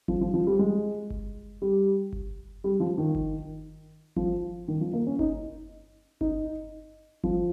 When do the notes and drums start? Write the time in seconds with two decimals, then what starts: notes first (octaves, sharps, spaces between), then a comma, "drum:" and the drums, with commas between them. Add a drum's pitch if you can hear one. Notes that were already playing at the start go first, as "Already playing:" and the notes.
0.08 F3, drum: kick G1
0.21 F3
0.34 F3
0.47 G3
0.59 G#3
1.10 drum: kick G1
1.62 G3
2.13 drum: kick G1
2.64 G3
2.80 F3
2.98 D#3
3.15 drum: kick G1
4.16 F3, drum: kick G1
4.68 D#3
4.81 F3
4.93 A#3
5.07 C#4
5.19 D#4, drum: kick G1
6.21 D#4, drum: kick G1
7.23 F3, drum: kick G1